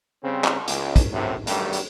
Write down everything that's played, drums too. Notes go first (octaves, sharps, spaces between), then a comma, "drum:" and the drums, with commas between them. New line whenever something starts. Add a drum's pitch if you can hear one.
C#3 G3 C4
drum: clap
C#2, drum: hi-hat
drum: kick, hi-hat
F#2 A2 C3
G2 D#3 F#3 G3 A3, drum: hi-hat
drum: hi-hat